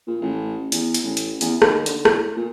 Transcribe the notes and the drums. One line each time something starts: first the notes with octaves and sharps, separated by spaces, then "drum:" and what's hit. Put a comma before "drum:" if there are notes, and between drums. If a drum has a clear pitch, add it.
A#2
A1
E2, drum: hi-hat
drum: hi-hat
A1
drum: hi-hat
E2, drum: hi-hat
D#2, drum: rim click
D3, drum: hi-hat
A2, drum: rim click
A#2